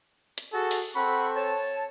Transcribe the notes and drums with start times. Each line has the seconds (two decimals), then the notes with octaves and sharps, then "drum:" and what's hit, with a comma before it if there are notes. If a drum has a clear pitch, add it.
0.38 drum: hi-hat
0.53 F#4 G#4 A4
0.71 drum: open hi-hat
0.95 C4 A4 F#5 B5 C#6
1.35 C#5 A5